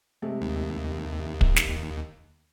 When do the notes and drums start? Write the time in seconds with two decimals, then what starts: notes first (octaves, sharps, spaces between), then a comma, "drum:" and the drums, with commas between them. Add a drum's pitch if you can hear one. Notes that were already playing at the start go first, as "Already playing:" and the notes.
0.22 C3 G#3 A3
0.42 D#2
1.41 drum: kick
1.56 drum: snare